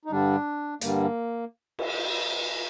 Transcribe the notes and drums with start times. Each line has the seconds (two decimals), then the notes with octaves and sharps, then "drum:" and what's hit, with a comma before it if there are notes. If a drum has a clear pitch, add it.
0.05 D#4
0.11 G2 D3 G3 D4
0.81 G2 D3 G3 A#3, drum: hi-hat
1.79 drum: cymbal